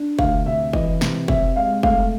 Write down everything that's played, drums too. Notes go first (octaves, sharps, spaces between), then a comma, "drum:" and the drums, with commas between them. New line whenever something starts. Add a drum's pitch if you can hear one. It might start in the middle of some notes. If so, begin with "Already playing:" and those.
Already playing: D4
D2 F5, drum: kick
C3 E5
E3 D#5, drum: kick
C3, drum: snare
C3 E5, drum: kick
G#3 F5
A3 F5, drum: kick